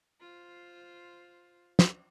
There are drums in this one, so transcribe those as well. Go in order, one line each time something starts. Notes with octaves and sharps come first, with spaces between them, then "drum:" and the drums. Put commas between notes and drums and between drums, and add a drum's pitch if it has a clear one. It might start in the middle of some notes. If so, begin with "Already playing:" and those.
F4 C5
drum: snare